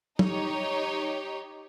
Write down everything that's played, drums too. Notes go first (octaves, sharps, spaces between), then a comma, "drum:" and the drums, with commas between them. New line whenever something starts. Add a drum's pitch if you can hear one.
D#4 G4 C#5, drum: tom